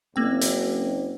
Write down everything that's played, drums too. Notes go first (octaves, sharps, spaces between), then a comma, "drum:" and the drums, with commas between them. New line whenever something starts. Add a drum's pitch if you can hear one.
F#1 A#3 C4 G5
drum: hi-hat